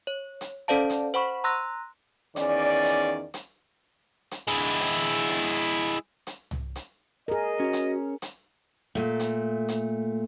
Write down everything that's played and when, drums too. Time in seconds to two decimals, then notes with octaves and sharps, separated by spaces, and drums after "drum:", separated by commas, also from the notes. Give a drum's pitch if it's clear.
0.07 C#5
0.41 drum: hi-hat
0.68 C#4 A4 C5 D5 F5 A5
0.90 drum: hi-hat
1.14 C5 F#5 B5 C#6
1.44 A#5 C6 E6 F#6 A#6
2.36 E2 D#3 C#4 D5, drum: hi-hat
2.85 drum: hi-hat
3.34 drum: hi-hat
4.31 drum: hi-hat
4.47 G#3 E4
4.80 drum: hi-hat
5.29 drum: hi-hat
6.27 drum: hi-hat
6.51 drum: tom
6.76 drum: hi-hat
7.28 G#4 A#4 D#5
7.60 C#4 F#4 C#5
7.73 drum: hi-hat
8.22 drum: hi-hat
8.95 A#2 A3
9.20 drum: hi-hat
9.68 drum: hi-hat